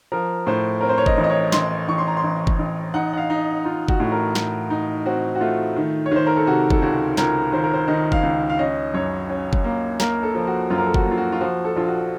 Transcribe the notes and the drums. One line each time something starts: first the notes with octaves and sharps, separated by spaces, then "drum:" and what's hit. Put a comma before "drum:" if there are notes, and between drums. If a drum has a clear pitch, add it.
F3 A#4
A2 C5
C4 A#4
C5
C#5
D#5, drum: kick
A1
D#5
C#5
A1 C6, drum: snare
A1 C#6
C6
A#5
C6
A1
drum: kick
A1
D#4 F#5
F#5
F5
D#4
D#4 F4
F#4, drum: kick
A2
A#4
A2, drum: snare
D#4
C4 F#4
F#4
A3 F4
D#3
C#5
D#3 C5
A#4
A4
C3 F#4
A4, drum: kick
C#2 F#4
C#2 A#4, drum: snare
D#3 C5
A#4
C5
D#3 D#5
F5, drum: kick
C#2
F5
C#4 D#5
F#2 C#5
C#4
drum: kick
A#3
A#3 A#4, drum: snare
A4
F3
F#4
F#2 F4
A#4
A4
F#4, drum: kick
A#3
F4
F#4
F4
F3 F#4
A4
A#1 F4
F#4